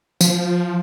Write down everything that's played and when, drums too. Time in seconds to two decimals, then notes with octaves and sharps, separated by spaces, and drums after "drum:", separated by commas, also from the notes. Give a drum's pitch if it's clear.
0.21 F3, drum: tambourine